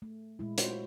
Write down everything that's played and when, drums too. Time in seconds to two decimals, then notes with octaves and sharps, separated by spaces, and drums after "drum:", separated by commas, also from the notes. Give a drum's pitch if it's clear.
0.02 A3
0.39 A#2 G#3 E4
0.58 F4 F#4 C5 C#5, drum: hi-hat